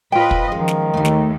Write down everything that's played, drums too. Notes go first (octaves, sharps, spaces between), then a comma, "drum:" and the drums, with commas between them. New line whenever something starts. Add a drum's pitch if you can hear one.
A2 F4 B4 C5 D#5 G5
drum: kick
F#2 D#3 F3 G#3
drum: snare
D#2 A3 D#4
drum: snare